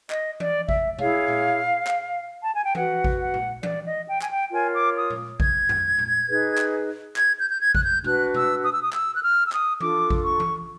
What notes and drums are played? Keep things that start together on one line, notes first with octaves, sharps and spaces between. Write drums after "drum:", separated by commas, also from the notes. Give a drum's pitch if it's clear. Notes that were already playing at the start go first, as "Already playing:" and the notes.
D#5, drum: clap
D5, drum: tom E3
E5, drum: kick A1
E4 G#4 C#5 F5, drum: tom B2
drum: tom A#2
drum: clap
A5
G#5
G5
F#4 B4 F#5, drum: tom E3
drum: kick A1
F#5
drum: tom A#2
D5, drum: tom E3
D#5
G5
G#5, drum: clap
G5
F4 A#4 C#5 G#5
D6
D#6
drum: tom A#2
G#6, drum: kick A1
drum: tom F2
drum: tom A#2
D#4 G#4 B4
drum: clap
G#6, drum: clap
G6
G6
G#6
F#6, drum: kick A1
G6
D4 F#4 B4 F#6, drum: tom B2
E6, drum: tom B2
D#6
E6
D#6
E6, drum: clap
F#6
F6
E6
D#6, drum: clap
D4 F4 A4 D6, drum: tom E3
drum: kick A1
C#6
drum: tom E3